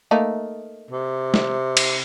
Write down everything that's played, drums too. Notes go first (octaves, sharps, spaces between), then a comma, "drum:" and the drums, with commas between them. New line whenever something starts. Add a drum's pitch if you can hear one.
A3 A#3 D#4
C3
drum: snare
drum: cymbal